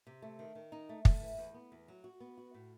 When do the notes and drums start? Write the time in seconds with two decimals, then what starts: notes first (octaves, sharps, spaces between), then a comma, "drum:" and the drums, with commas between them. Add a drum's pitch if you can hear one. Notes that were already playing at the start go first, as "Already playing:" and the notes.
0.07 C3
0.22 A3
0.39 D#3
0.55 D#3
0.72 D#4
0.89 A3
1.05 A3, drum: kick
1.21 E3
1.38 E2
1.54 B3
1.72 E2
1.88 F#3
2.04 F#4
2.20 B3
2.37 F#4
2.54 A2